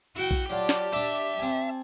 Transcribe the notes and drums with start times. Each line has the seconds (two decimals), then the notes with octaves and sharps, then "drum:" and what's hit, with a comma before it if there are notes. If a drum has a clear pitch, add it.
0.16 E4 F#4 G5
0.31 drum: kick A#1
0.50 F#3 F4 G4 D5 A5
0.69 drum: snare
0.93 D4 E5 D6
1.39 C4 G#5 A5